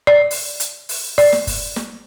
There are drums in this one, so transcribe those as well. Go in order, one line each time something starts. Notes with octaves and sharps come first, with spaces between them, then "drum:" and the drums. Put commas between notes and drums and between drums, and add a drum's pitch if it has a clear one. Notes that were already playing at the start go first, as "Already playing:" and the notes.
D5
drum: open hi-hat
drum: hi-hat
drum: open hi-hat
D5, drum: open hi-hat
drum: snare
drum: kick, open hi-hat
drum: snare